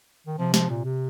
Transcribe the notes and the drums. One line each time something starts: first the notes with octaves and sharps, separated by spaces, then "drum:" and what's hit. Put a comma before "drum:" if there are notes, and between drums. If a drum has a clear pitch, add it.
D#3
C3 F3
F3, drum: snare
A#2
C3